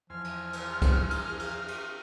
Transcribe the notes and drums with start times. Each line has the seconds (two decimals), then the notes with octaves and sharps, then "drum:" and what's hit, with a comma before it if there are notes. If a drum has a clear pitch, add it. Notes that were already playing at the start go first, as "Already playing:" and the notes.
0.10 E2 F3 C5 G#5 F6
0.24 drum: cymbal
0.53 drum: cymbal
0.82 drum: kick C2, cymbal
1.11 drum: cymbal
1.39 drum: cymbal
1.68 drum: cymbal